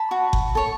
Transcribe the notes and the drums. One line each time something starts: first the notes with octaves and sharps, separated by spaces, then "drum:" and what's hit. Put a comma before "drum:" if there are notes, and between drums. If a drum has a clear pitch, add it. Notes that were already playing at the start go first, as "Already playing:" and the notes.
Already playing: A5 B5
F#4
drum: kick F#1
A4 C#5